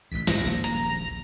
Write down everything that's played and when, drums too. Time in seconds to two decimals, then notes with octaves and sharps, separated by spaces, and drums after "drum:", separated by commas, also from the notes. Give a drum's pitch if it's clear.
0.12 A1 D#2 B6
0.27 G#1 F#2 A#2 A#6, drum: snare
0.41 D#1 A#1 A#3
0.64 A#5, drum: hi-hat